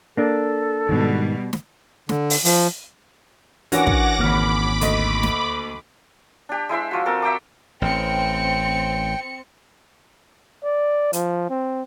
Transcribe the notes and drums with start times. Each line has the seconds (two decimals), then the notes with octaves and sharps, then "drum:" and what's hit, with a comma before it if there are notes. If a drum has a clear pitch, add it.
0.17 A#3 D4 A4
0.89 G#2 B2 D#3 G3
1.53 drum: snare
2.09 D3, drum: snare
2.30 drum: open hi-hat
2.45 F3, drum: open hi-hat
3.72 E3 C#4 D4 F#4 A#4 F#5 D6 A#6, drum: hi-hat
3.87 drum: kick
4.19 G#1 C#2 A#3 B5 D6 F6
4.81 D2 D#5, drum: hi-hat
5.23 drum: snare
6.49 D4 G4
6.69 G#3 E4 C5 E5
6.91 F3 F#4
7.06 C4 A4 A#4
7.22 E5 G5 A#5 D6
7.82 A1 C4 G5 C#7
10.64 D5
11.13 F3, drum: hi-hat
11.50 C4